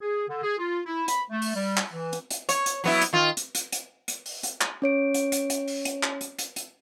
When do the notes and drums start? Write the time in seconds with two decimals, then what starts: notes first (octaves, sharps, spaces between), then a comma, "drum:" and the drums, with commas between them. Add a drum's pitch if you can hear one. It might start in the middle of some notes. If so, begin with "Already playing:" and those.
0.01 G#4
0.28 D3
0.43 G#4
0.59 F4
0.85 E4
1.08 B5, drum: hi-hat
1.29 A3
1.42 drum: open hi-hat
1.55 G3
1.77 drum: clap
1.91 E3
2.13 drum: hi-hat
2.31 drum: hi-hat
2.49 C#5, drum: hi-hat
2.66 drum: hi-hat
2.84 F#3 B3 E4, drum: open hi-hat
3.01 drum: hi-hat
3.13 D#3 F4
3.37 drum: hi-hat
3.55 drum: hi-hat
3.72 drum: hi-hat
4.08 drum: hi-hat
4.26 drum: open hi-hat
4.43 drum: hi-hat
4.61 drum: clap
4.82 C#4 C#5 D7
5.14 drum: hi-hat
5.32 drum: hi-hat
5.50 drum: hi-hat
5.68 drum: open hi-hat
5.85 drum: hi-hat
6.03 drum: clap
6.21 drum: hi-hat
6.39 drum: hi-hat
6.56 drum: hi-hat